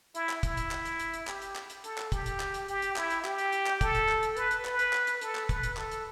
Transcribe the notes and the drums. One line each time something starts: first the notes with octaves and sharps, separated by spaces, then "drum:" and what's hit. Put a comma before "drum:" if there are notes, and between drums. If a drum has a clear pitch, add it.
E4, drum: hi-hat
drum: clap
E4, drum: kick, hi-hat
drum: hi-hat
drum: clap
drum: hi-hat
drum: hi-hat
drum: hi-hat
G4, drum: clap
drum: hi-hat
drum: clap
drum: hi-hat
A4, drum: hi-hat
drum: clap
G4, drum: kick, hi-hat
drum: hi-hat
drum: clap
drum: hi-hat
G4, drum: hi-hat
drum: hi-hat
E4, drum: clap
drum: hi-hat
G4, drum: clap
drum: hi-hat
drum: hi-hat
drum: clap
A4, drum: kick, hi-hat
drum: hi-hat
drum: clap
drum: hi-hat
B4, drum: hi-hat
drum: hi-hat
B4, drum: clap
drum: hi-hat
drum: clap
drum: hi-hat
A4, drum: hi-hat
drum: clap
B4, drum: kick, hi-hat
drum: hi-hat
A4, drum: clap
drum: hi-hat